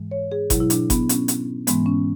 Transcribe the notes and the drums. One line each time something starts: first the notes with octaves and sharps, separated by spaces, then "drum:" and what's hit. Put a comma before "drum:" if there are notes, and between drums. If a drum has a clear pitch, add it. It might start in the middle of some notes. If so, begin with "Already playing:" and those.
Already playing: G#2 E3 G#3
C#5
G#4
B2 F#3 E4, drum: kick G1, hi-hat
E4
D4, drum: hi-hat
B3, drum: kick G1, hi-hat
C#4, drum: hi-hat
drum: hi-hat
G#2 E3 G#3 B3, drum: hi-hat
C#4